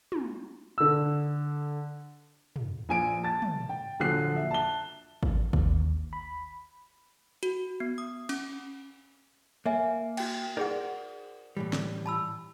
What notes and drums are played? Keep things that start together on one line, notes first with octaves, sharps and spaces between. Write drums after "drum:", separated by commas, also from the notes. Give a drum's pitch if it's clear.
drum: tom
D3 E6
drum: tom
A#1 G#5 D7
A5 A6
drum: tom
G5
A#1 D3 F#3 A4 F#6 C7
E5
A5 G7
drum: kick
D#2, drum: kick
B5
F#4, drum: hi-hat
B3
D#6
C#4, drum: cymbal
A#3 C#5 E5 G#5
F#4 G5, drum: cymbal
D#4 G#4 A#4 C5 D5 F#5
A2 E3 G3
drum: snare
A5 B5 E6